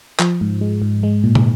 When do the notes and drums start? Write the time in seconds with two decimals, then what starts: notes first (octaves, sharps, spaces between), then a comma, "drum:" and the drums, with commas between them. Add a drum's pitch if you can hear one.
0.20 F3, drum: clap
0.41 G#2
0.61 G#3
0.82 G#2
1.03 G#3
1.24 A#2
1.35 drum: tom